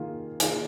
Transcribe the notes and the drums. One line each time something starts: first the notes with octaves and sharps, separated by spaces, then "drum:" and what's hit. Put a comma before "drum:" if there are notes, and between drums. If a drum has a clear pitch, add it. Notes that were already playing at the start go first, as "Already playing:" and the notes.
Already playing: D#3 A#3 F4 G#4
D#3 A#3 F4 G#4, drum: hi-hat